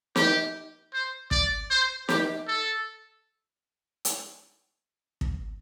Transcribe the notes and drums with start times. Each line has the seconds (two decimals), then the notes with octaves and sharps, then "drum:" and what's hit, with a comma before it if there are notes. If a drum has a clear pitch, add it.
0.16 G4, drum: snare
0.93 C5
1.31 D5, drum: kick
1.70 C5
2.09 G4, drum: snare
2.47 A4
4.05 drum: hi-hat
5.21 drum: kick